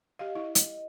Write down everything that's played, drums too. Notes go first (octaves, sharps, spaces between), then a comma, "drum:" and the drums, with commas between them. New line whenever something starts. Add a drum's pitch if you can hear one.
G4 D#5 F5
E4
D#5, drum: hi-hat